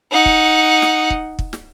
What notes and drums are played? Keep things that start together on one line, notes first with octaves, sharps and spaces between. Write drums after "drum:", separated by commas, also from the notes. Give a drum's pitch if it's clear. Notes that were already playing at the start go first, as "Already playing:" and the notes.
D#4 F#5
drum: kick
drum: snare
drum: kick
drum: kick
drum: snare